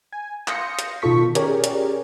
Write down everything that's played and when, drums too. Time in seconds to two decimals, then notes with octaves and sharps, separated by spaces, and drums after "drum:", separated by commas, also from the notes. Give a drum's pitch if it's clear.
0.13 G#5
0.48 F5 C6 D#6 G6 A#6 C#7, drum: clap
0.79 drum: hi-hat
1.02 B2 D#3 F4 A4 C#6 B6
1.35 C#4 G4 G#4 A#4 C#5 D5, drum: hi-hat
1.64 drum: hi-hat